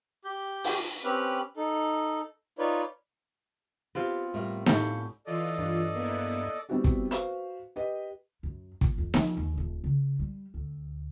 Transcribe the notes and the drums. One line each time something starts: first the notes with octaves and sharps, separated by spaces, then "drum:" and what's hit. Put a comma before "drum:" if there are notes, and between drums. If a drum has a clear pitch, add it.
G4 G6
drum: open hi-hat
C4 C#4 G4 B4 F6 F#6
D#4 A4
D#4 F4 B4 C#5 D5
B3 C4 F4 G4
A2 G3 A#4
A2 G4 F5 F#5, drum: snare D#4
E3 F4 A4 D5 D#5
G2
A#3 B3 E4
G3 B3 C4 E4 F#4 G4
drum: kick
F#4 B4 C5 F5, drum: hi-hat
G4 B4 D#5
F#2
A#2, drum: kick
F2
F3, drum: snare D#4
D#2
D#1
C#3
G3
D2